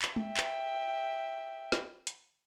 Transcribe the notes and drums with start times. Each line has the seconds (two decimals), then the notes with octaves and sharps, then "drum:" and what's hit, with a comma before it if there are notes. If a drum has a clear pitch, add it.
0.02 drum: clap
0.16 E5 G5, drum: tom
0.37 drum: clap
1.72 drum: snare
2.07 drum: hi-hat